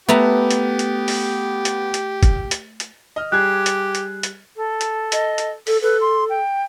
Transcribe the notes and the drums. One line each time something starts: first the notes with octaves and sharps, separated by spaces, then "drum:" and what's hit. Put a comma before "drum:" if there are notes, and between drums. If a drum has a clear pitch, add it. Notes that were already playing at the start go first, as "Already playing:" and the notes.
A3 B3 G4 B4 A#5
drum: hi-hat
drum: hi-hat
drum: open hi-hat
drum: hi-hat
drum: hi-hat
drum: kick, hi-hat
drum: hi-hat
drum: hi-hat
D#5 F6
G3 G4 G#4 F#6 G#6
drum: hi-hat
drum: hi-hat
drum: hi-hat
A4
drum: hi-hat
D#5, drum: hi-hat
drum: hi-hat
A4, drum: open hi-hat
A4 B4
C6
G5